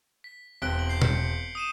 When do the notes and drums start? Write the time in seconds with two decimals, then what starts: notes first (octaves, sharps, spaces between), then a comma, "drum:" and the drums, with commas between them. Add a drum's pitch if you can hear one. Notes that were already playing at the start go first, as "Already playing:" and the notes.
0.24 B6
0.62 E1 C4 F#6 B6 D7 G7
0.75 D7 F#7
0.89 G6 C7
1.02 C#7, drum: tom B2
1.55 D#6 D#7 E7